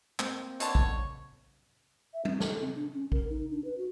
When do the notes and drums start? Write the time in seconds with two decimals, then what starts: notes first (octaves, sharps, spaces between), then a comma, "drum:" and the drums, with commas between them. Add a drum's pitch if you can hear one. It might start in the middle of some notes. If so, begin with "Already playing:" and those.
0.19 A#3 C4, drum: clap
0.60 B2 D3 C#5 A5, drum: hi-hat
0.75 drum: kick
2.13 E5
2.25 C4, drum: tom G3
2.40 A4, drum: snare
2.60 C4
2.76 D4
2.93 C#4
3.12 A#4, drum: kick
3.29 D#4
3.51 D4
3.64 B4
3.78 F#4